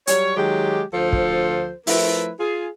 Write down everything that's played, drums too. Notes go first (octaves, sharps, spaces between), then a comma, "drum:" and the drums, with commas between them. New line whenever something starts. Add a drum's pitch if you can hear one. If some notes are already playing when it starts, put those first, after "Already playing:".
F#3 G3 C#5, drum: hi-hat
D#3 F#3 G#3 G4
D2 F3 F4 A4 C5
drum: kick
F3 A3 E4 A#4 B4, drum: open hi-hat
F4 G#4